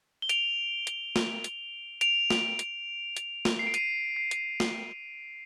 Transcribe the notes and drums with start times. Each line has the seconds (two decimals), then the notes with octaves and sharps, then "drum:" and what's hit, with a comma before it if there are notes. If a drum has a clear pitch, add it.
0.22 G7
0.29 D7 F7, drum: hi-hat
0.87 drum: hi-hat
1.16 drum: snare
1.44 drum: hi-hat
2.01 D7 F7, drum: hi-hat
2.30 drum: snare
2.59 drum: hi-hat
3.17 drum: hi-hat
3.45 drum: snare
3.59 C7
3.67 D7
3.74 C7 D#7, drum: hi-hat
4.16 C7
4.31 drum: hi-hat
4.60 drum: snare